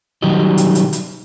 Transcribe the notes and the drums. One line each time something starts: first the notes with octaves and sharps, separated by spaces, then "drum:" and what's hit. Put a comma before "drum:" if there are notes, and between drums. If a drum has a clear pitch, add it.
D#3 F#3 G3 D#5
drum: hi-hat
drum: hi-hat
drum: hi-hat